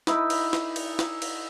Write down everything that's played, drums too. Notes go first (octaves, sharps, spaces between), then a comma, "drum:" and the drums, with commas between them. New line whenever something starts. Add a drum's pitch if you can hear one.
D#4 E4 G4 B4, drum: snare
drum: cymbal
drum: snare
drum: cymbal
drum: snare
drum: cymbal